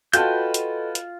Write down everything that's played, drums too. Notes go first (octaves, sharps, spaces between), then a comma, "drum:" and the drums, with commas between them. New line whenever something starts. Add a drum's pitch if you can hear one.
F4 F#4 A4 B4 D#5 G5 A5 G6, drum: hi-hat
drum: hi-hat
drum: hi-hat